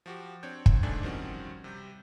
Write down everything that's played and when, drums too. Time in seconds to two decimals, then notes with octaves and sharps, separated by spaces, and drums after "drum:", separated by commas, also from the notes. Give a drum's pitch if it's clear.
0.06 F3 F#4 G4
0.43 C4 D4 C#5 G6
0.66 drum: kick
0.83 C#2 G#2 A3 D4 G#5 A6
1.03 D#3 F3 G3 C4 C#4 F#4
1.64 C3 G3 G6